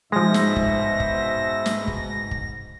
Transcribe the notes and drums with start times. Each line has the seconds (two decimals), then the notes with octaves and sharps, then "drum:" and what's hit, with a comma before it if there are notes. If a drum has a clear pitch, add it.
0.12 G#2 B2 F3 G#3 C5 E5 A#6
0.34 drum: snare
0.56 drum: kick
1.00 drum: kick
1.66 drum: snare
1.88 drum: kick
2.31 drum: kick